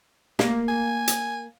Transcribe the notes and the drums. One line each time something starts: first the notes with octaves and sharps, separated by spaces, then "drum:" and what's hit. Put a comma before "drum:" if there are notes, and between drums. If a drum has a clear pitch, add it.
A#3, drum: snare
G#5
drum: hi-hat